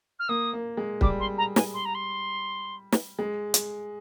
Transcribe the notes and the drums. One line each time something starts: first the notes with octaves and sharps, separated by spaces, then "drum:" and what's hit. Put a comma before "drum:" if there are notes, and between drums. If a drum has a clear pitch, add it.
F6
A#3 D#6
A#3
G#3
G3 D6, drum: kick
C6
A#5
G#5, drum: snare
C6
A#5
C6
drum: snare
G#3
drum: hi-hat